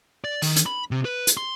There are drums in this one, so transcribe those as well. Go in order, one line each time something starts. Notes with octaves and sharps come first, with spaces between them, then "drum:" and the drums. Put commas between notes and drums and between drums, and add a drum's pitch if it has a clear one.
D5
D#3, drum: open hi-hat
drum: hi-hat
B5
C3
B4
drum: hi-hat
C6